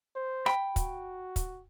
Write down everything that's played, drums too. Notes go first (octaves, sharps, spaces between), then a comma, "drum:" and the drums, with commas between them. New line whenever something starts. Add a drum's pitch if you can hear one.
C5
G5 B5, drum: rim click
F#4, drum: kick, hi-hat
drum: kick, hi-hat